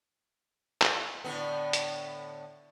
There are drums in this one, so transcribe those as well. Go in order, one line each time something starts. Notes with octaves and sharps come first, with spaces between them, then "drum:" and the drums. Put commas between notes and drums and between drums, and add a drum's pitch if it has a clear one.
drum: clap
A2 D3 B3
drum: hi-hat